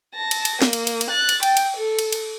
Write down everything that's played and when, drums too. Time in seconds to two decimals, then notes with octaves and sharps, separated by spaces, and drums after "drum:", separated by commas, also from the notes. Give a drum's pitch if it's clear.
0.14 A5 A#6
0.31 drum: cymbal
0.45 drum: cymbal
0.62 A#3, drum: snare
0.73 drum: cymbal
0.87 drum: cymbal
1.01 drum: cymbal
1.10 F#6 A6
1.29 drum: cymbal
1.43 G5, drum: cymbal
1.57 drum: cymbal
1.76 A4
1.99 drum: cymbal
2.13 drum: cymbal